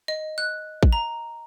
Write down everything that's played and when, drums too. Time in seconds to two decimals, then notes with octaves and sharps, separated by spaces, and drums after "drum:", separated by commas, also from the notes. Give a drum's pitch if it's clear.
0.08 D#5
0.38 F#6
0.83 drum: kick
0.93 A#5